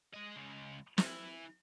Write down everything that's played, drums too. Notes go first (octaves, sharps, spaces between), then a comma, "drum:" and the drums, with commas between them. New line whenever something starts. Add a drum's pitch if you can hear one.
G#3 D#5
C#3 G#3
E3, drum: snare